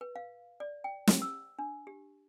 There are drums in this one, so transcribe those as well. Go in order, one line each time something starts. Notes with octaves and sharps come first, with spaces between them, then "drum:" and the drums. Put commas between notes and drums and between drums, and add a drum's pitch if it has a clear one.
B4
F5
D5
G5
drum: snare
E6
D4
G4